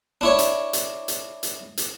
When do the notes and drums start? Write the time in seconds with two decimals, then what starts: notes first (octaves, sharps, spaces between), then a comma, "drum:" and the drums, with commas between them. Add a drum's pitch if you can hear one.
0.21 D4 E4 C#5
0.39 drum: hi-hat
0.73 drum: hi-hat
1.08 drum: hi-hat
1.43 drum: hi-hat
1.77 drum: hi-hat